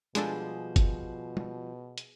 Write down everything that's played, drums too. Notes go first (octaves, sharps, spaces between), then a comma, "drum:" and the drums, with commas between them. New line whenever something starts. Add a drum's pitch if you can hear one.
B2 F3 G3 G#3 D4 G#4 A4, drum: hi-hat
drum: kick F#1, hi-hat
drum: tom
drum: hi-hat